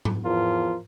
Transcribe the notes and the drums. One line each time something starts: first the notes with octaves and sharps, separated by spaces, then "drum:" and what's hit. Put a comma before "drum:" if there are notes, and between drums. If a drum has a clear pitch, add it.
drum: tom G#2
E2 F3 F4 A#4